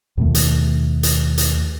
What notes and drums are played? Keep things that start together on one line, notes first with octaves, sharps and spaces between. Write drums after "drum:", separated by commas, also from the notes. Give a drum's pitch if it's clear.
D#2 B2 D#3 A3
drum: hi-hat
drum: hi-hat
drum: hi-hat